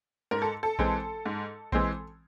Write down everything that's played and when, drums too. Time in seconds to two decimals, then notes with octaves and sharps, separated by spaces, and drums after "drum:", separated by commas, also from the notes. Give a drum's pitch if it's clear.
0.31 G#2 A#4
0.42 A4
0.63 A4
0.79 E3 G#3 C4, drum: kick A#1
1.26 G#2
1.72 E3 G#3 C4, drum: kick A#1